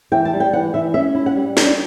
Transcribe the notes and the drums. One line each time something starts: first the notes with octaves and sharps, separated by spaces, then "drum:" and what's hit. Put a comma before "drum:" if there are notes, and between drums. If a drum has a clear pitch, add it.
E3 G5
A5
G3
G5
E3 F#5
E3 E5
C#4 E5
E4
F#5
G3
C#4 D5, drum: snare